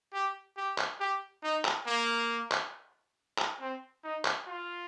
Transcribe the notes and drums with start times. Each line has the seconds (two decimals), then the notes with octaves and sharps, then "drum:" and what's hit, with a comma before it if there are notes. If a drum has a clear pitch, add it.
0.14 G4
0.57 G4
0.78 drum: clap
1.00 G4
1.44 D#4
1.65 drum: clap
1.87 A#3
2.52 drum: clap
3.39 drum: clap
3.60 C4
4.04 D#4
4.25 drum: clap
4.47 F4